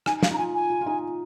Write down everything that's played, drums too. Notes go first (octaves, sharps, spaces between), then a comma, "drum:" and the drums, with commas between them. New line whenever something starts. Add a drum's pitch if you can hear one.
D#4 G#5, drum: rim click
F5, drum: snare
D#4
A#5
F4 G#5
G#5
F4
F4
D#4